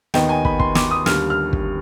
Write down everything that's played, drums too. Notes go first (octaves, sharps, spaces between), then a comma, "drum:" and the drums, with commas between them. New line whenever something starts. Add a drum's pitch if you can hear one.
D#2 D#3 B3 D#4 G5, drum: snare
G#5
B5, drum: kick
C6, drum: kick
D6, drum: snare
D#6
D#2 D3 G3 F6, drum: snare
F6
drum: kick